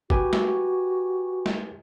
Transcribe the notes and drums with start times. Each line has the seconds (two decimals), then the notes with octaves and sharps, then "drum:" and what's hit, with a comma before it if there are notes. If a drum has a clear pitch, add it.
0.10 F#4 G4 B4 G#5, drum: kick
0.33 drum: snare
1.46 drum: snare